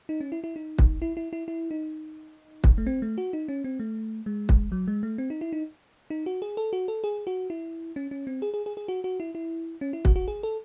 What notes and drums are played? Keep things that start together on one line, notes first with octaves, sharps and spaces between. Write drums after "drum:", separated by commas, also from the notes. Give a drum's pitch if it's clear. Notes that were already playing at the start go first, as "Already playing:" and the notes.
D#4
C#4
E4
E4
D#4
drum: kick
E4
E4
E4
E4
D#4
drum: kick
A3
C4
A3
F#4
D#4
C#4
C4
A3
G#3
drum: kick
F#3
G#3
A3
C4
D#4
E4
D#4
D#4
F#4
G#4
A4
F#4
A4
G#4
F#4
E4
C#4
C#4
C4
G#4
G#4
G#4
G#4
F#4
F#4
E4
E4
C#4
E4
F#4, drum: kick
F#4
G#4
A4